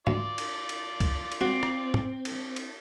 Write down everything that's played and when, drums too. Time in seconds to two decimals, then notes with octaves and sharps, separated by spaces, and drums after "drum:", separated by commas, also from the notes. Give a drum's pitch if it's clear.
0.07 D2 F4 D5, drum: tom G#2
0.38 drum: cymbal
0.69 drum: cymbal
1.00 drum: kick C2, cymbal
1.32 drum: cymbal
1.41 C4 F#4
1.63 drum: rim click
1.94 drum: tom
2.25 drum: cymbal
2.56 drum: cymbal